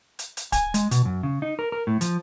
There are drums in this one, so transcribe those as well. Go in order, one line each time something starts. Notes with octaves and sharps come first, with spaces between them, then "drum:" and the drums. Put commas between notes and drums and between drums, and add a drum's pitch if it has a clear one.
drum: hi-hat
drum: hi-hat
G#5, drum: kick D1, hi-hat
G#3, drum: hi-hat
B2, drum: hi-hat
F#2
C#3
D#4
A#4
A#4
A2
F3, drum: hi-hat